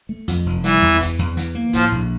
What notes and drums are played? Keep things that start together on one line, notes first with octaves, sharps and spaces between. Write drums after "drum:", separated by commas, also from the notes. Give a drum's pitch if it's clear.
A3
F2, drum: hi-hat
F1
E3 G3, drum: hi-hat
E2
E3, drum: kick, hi-hat
E2
E3, drum: hi-hat
A#3
A2 F3, drum: kick, hi-hat
A#1